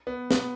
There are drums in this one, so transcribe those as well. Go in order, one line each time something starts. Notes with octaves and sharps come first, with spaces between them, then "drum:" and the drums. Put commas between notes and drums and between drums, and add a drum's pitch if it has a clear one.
B3
B3, drum: snare